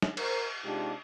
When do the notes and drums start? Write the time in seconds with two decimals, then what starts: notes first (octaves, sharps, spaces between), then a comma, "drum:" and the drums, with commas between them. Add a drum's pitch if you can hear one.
0.02 drum: snare
0.17 A#4 C5, drum: cymbal
0.65 C3 G#3 D4 D#4 F4 G4